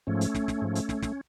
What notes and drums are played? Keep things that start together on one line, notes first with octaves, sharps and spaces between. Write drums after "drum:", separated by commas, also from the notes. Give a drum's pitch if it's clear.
G#2 F3 A3 C#4
drum: hi-hat
drum: snare
drum: snare
G#2 F3
drum: hi-hat
drum: snare
drum: snare